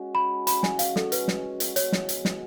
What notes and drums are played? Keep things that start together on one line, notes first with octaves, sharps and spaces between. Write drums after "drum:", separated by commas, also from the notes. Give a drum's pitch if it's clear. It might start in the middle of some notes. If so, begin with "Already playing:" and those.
Already playing: G#3 C#4 F#4
B5
B5, drum: hi-hat
G#5, drum: snare
F5, drum: hi-hat
A4, drum: snare
B4, drum: hi-hat
drum: snare
drum: hi-hat
G#3 B3 F#4 C#5, drum: hi-hat
drum: snare
drum: hi-hat
drum: snare